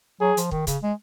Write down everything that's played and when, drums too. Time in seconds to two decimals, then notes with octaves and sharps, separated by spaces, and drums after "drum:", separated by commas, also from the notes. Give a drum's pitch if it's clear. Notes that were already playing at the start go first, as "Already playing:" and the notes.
0.21 F#3 G#4
0.37 F3, drum: hi-hat
0.51 D#3, drum: kick
0.67 C#3, drum: kick, hi-hat
0.82 G#3